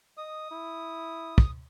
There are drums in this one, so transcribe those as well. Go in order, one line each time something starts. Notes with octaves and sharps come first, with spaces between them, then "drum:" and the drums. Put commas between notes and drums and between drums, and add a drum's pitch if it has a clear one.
D#5 D#6
E4
drum: kick